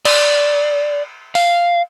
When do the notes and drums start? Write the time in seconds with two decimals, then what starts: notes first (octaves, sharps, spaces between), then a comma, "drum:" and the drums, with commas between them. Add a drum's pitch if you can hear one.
0.05 D5, drum: cymbal
1.35 F5, drum: open hi-hat